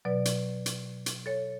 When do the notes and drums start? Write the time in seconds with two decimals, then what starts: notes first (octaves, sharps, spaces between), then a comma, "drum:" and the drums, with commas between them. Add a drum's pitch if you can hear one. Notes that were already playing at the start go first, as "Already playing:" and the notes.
0.05 B2 F#3 B4 D5
0.25 drum: hi-hat
0.66 drum: hi-hat
1.06 drum: hi-hat
1.26 A4 C#5